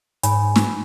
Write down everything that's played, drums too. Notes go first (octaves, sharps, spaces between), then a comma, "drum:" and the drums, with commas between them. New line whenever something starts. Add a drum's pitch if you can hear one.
G#2 C#5 G#5 B5, drum: hi-hat
drum: snare